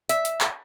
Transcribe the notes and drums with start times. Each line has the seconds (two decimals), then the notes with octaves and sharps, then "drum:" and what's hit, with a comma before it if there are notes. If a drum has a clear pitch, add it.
0.09 E5, drum: hi-hat
0.25 drum: hi-hat
0.41 drum: clap